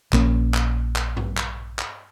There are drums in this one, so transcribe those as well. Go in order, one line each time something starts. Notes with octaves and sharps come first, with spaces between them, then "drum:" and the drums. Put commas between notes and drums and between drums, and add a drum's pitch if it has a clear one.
A#1 A#3 C#4, drum: clap
drum: clap
drum: clap
drum: tom G2
drum: clap
drum: clap